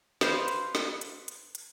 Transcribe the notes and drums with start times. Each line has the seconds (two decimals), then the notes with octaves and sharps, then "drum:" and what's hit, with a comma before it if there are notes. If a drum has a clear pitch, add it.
0.21 B4 C5 F5, drum: snare
0.48 drum: hi-hat
0.75 drum: snare
1.01 drum: hi-hat
1.28 drum: hi-hat
1.55 drum: hi-hat